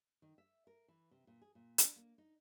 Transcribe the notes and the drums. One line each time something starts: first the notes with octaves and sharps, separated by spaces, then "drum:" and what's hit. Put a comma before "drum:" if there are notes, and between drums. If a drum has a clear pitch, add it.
D#3
E5
A#4
E3
C3
A#2
G#4
A#2
D4, drum: hi-hat
A#3
D#4